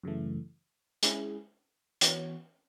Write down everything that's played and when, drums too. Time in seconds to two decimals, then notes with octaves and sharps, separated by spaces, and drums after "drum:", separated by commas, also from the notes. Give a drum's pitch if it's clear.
0.03 F#2 C#3 E3 A3
1.03 G#3 C#4 E4 G#4, drum: hi-hat
2.01 E3 B3 F#4 C#5, drum: hi-hat